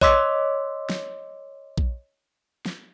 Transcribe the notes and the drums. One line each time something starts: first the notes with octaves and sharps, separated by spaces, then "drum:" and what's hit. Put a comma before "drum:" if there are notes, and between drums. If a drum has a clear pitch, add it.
C#5 D#5 C6 D6 E6 B6, drum: kick A#1
drum: snare
drum: kick A#1
drum: snare